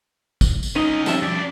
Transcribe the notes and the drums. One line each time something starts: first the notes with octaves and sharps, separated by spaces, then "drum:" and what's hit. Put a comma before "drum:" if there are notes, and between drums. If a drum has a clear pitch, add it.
drum: kick, tambourine
drum: tambourine
C#4 D#4 D#5
G2 F3 E5, drum: tambourine
F#2 D5